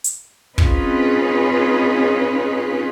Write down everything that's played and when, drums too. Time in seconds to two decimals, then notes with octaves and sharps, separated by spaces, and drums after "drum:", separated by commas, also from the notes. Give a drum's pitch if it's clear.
0.04 drum: hi-hat
0.58 C4 C#4 D#4 F4 G#4 B4, drum: kick